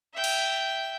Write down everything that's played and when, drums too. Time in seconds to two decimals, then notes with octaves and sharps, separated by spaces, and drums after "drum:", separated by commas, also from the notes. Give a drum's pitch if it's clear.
0.14 E5 G5
0.24 drum: cymbal